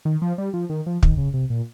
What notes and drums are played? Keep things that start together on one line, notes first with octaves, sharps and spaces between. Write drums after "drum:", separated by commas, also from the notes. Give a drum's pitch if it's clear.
D#3
F3
G3
F3
D#3
F3
D#3, drum: kick
C#3
C3
A#2